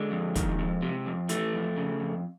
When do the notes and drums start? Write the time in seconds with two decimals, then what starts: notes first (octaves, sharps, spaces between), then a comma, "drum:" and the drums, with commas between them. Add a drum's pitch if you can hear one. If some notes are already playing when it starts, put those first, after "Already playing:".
Already playing: D3 G#3
0.11 F2
0.35 D#3, drum: kick, hi-hat
0.59 F2
0.82 C3
1.06 F2
1.29 E3 A3, drum: hi-hat
1.53 F2
1.77 C#3
2.00 F2